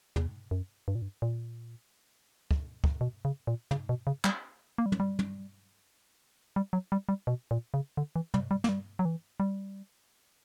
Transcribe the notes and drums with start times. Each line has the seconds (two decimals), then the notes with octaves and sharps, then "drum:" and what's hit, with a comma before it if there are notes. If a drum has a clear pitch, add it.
0.16 E2, drum: tom
0.51 F#2
0.88 G2
0.95 A#2
1.02 G2
1.22 A#2
2.51 drum: kick
2.84 drum: kick
3.01 B2
3.25 C#3
3.47 A#2
3.71 C#3, drum: tom
3.89 B2
4.07 C#3
4.24 G3, drum: clap
4.78 A#3
4.86 G3
4.92 F#3, drum: tom
5.00 G3
5.19 drum: tom
6.56 G3
6.73 F#3
6.92 G3
7.09 G3
7.27 B2
7.51 A#2
7.74 C#3
7.97 D3
8.16 E3
8.34 G3, drum: tom
8.51 G3
8.64 A#3, drum: snare
8.69 G3
8.99 F#3
9.05 E3
9.40 G3